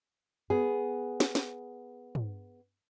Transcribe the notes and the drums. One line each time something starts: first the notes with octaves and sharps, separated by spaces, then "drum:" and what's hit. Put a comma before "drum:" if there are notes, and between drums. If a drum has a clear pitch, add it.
B3 G#4
drum: snare
drum: snare
drum: tom